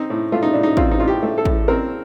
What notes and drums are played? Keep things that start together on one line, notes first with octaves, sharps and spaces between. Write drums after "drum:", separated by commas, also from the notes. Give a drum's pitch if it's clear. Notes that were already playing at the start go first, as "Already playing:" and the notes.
Already playing: C4 D#4
A2
A3 F4
D#4
A2 D4
D#4
C4 F4, drum: kick
D#4
A2 F4
G4
A3
A4
A2, drum: kick
C4 A#4